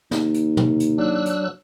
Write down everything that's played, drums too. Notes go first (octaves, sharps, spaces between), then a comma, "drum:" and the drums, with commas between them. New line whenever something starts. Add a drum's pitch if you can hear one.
D#2, drum: snare
drum: hi-hat
drum: tom
drum: hi-hat
F#3 D4 E6 F#6
drum: hi-hat